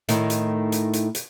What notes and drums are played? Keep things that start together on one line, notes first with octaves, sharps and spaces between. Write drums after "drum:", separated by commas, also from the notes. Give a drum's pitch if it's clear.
A2 D#3 D#4, drum: hi-hat
drum: hi-hat
drum: hi-hat
drum: hi-hat
drum: hi-hat